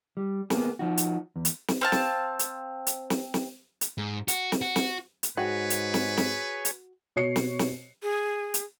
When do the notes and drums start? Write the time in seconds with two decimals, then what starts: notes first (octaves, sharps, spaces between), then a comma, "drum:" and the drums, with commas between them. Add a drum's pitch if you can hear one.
0.17 G3
0.50 A#3 B3 G#4, drum: snare
0.79 F3 D#4 F#4
0.97 drum: hi-hat
1.36 E2
1.45 drum: hi-hat
1.68 drum: snare
1.81 C4 F5 A5
1.92 drum: snare
2.39 drum: hi-hat
2.87 drum: hi-hat
3.10 drum: snare
3.34 drum: snare
3.81 drum: hi-hat
3.98 G#2
4.28 F#4, drum: hi-hat
4.52 drum: snare
4.61 F#4
4.76 drum: snare
5.23 drum: hi-hat
5.37 G#2 F#4 G#4 B4 C#5 G#5
5.70 drum: hi-hat
5.94 drum: snare
6.17 drum: snare
6.65 drum: hi-hat
7.16 B2 C#5 C7 C#7
7.36 drum: snare
7.59 drum: snare
8.03 G#4
8.54 drum: hi-hat